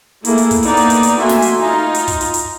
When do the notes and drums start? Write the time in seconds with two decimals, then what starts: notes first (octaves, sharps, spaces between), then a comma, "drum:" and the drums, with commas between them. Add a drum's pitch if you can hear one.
0.25 A3 A#3 E4 G#4 A4, drum: hi-hat
0.38 drum: hi-hat
0.51 drum: kick, hi-hat
0.63 A#3 B3 D#4 D5, drum: hi-hat
0.77 drum: hi-hat
0.90 drum: hi-hat
1.03 drum: hi-hat
1.19 A3 A#3 F#4 E5 G#5 C6
1.29 drum: snare
1.42 drum: hi-hat
1.60 D#4 F4
1.94 drum: hi-hat
2.08 drum: kick, hi-hat
2.21 drum: hi-hat
2.34 drum: hi-hat